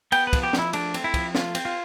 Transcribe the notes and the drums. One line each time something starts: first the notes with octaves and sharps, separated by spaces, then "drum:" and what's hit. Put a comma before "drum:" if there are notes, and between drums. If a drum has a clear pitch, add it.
B3 G5, drum: cymbal
B4
F3, drum: kick, cymbal
G4
F3, drum: snare
E4
A3 D4, drum: cymbal
C4, drum: cymbal
E4
F3, drum: kick, cymbal
A3 F4, drum: snare
C4, drum: cymbal
F4